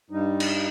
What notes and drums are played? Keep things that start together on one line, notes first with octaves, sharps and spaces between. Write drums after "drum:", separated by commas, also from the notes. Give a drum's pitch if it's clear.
G2 G3 D#4
drum: cymbal